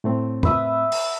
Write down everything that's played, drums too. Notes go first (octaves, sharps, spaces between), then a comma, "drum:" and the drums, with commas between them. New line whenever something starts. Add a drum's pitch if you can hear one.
A2 A3 C4
B4 E5 D#6, drum: tom
drum: open hi-hat